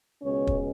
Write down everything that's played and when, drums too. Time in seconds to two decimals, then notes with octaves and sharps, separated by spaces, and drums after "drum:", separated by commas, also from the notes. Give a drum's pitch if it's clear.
0.22 C#2 B2 G#3 C#4 C#5
0.47 drum: kick